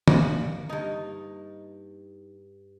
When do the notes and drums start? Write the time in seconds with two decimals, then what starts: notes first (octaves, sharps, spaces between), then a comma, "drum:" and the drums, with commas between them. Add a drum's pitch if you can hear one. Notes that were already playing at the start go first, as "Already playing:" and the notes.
0.08 A#3 F#5, drum: tom D3
0.69 G2 D#4